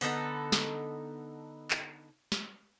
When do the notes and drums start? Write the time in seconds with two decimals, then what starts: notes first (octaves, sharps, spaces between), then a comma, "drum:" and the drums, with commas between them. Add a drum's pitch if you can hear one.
0.01 D3 B3 D#4 A4, drum: open hi-hat
0.52 drum: snare
1.71 drum: clap
2.32 drum: snare